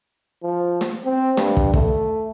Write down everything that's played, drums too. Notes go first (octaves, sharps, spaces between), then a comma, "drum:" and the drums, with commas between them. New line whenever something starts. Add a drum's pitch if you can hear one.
F3
drum: snare
C4
G2, drum: snare
drum: kick
A3, drum: kick